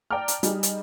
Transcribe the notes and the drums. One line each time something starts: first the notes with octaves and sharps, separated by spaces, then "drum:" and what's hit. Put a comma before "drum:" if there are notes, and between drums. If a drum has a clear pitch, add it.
D5 G5 A5 A#5 D6 F6
drum: hi-hat
G3 D#4 G#4, drum: hi-hat
drum: hi-hat